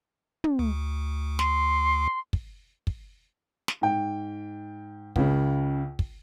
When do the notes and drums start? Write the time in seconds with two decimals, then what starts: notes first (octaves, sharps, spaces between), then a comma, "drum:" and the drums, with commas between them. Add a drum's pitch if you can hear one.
0.44 drum: tom
0.59 D2
1.39 C6, drum: snare
2.33 drum: kick
2.87 drum: kick
3.68 drum: snare
3.81 G#2 G5
5.16 C#2 C#3, drum: kick
5.99 drum: kick